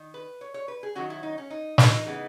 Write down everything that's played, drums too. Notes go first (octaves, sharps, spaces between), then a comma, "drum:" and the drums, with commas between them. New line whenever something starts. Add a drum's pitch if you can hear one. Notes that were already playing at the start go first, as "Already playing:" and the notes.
Already playing: D#3
B4
C#5
C#5
B4
G#4
D#3 F#3 C#4 F#4
E4
D#4
C#4
D#4
D#4, drum: snare
C#3 E3 G#3 B3